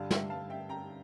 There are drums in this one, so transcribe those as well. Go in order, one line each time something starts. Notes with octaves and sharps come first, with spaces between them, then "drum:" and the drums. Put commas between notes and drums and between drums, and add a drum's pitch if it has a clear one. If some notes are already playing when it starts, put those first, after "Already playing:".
Already playing: G2 D3 G3 F5 A5
E5 G5, drum: snare
F5 A5
E5 G5
G5 A#5